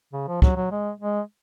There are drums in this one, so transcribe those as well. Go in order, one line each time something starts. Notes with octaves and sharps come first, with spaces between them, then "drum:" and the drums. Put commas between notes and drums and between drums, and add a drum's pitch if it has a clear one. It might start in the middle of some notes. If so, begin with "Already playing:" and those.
C#3
F3
F#3, drum: kick
F#3
G#3
G#3